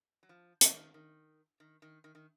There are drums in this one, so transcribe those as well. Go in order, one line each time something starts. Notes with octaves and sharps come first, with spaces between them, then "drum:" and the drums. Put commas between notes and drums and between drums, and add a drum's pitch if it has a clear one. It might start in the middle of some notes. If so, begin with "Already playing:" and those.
F#3
F3
D#3, drum: hi-hat
E3
D#3
D#3
D#3
D#3
D#3
D#3